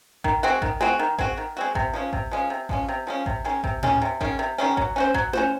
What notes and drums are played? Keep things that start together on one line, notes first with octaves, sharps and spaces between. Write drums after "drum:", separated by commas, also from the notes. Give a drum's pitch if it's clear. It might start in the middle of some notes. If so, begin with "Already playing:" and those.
D#3, drum: kick A1
G#3 C4 F#4
D#3, drum: kick A1
G#3 C4 F#4, drum: tom E4
D#3
G#3 C4 F#4, drum: kick A1
D#3
G#3 C4 F#4
C3, drum: kick A1
F3 G#3 C#4
C3, drum: kick A1
F3 G#3 C#4
C3
F3 G#3 C#4, drum: kick A1
C3
F3 G#3 C#4
C3, drum: kick A1
D#3 G#3 C#4
C3, drum: kick A1
D#3 G#3 C#4, drum: tom A2
C3
D#3 G#3 C#4, drum: kick A1
C3
D#3 G#3 C#4
F#3, drum: kick A1
C#4 F#4 C5
F#3, drum: kick A1
C#4 F#4 C5, drum: tom E4